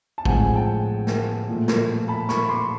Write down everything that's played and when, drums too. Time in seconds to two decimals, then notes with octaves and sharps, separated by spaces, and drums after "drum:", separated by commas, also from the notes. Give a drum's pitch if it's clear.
0.18 A5
0.25 A2 F3 G#3 C4 F#5 G#5, drum: kick
0.56 G5 A5
1.07 drum: snare
1.48 A#2 F3 A3
1.68 drum: snare
2.08 A5 B5
2.29 B5 C#6, drum: snare
2.49 C6 D6